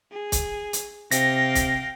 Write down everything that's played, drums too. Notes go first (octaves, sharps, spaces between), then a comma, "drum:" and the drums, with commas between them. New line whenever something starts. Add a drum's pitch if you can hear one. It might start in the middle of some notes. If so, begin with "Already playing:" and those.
G#4
drum: kick, hi-hat
drum: hi-hat
C3 F5 G5 A#6, drum: hi-hat
drum: kick, hi-hat